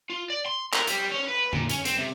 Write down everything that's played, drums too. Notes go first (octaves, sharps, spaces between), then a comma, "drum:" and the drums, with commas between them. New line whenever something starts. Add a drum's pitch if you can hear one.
F4
D5
C6
A#4, drum: clap
G3, drum: hi-hat
C#4
B4
A#2, drum: tom
C#4, drum: hi-hat
C4, drum: hi-hat
C3